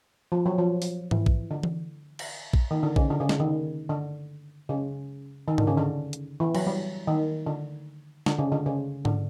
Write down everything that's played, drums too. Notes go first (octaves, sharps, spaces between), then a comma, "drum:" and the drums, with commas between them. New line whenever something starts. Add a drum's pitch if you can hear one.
F3
F#3
F3
drum: open hi-hat
E3, drum: tom G#2
drum: kick A#1
D3
drum: tom E3
drum: cymbal
drum: kick A#1
D#3
D3
C#3, drum: kick A#1
D3
C#3
D3, drum: snare
D#3
D3
C#3
D#3
D3, drum: tom G#2
C#3
D3
drum: hi-hat
E3
F#3, drum: cymbal
G3
D#3
D3
D3, drum: snare
C#3
D3
C#3
D3, drum: tom G#2